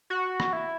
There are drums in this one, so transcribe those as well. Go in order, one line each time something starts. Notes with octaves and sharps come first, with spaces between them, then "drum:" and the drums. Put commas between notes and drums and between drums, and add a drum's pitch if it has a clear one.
F#4
drum: rim click
E4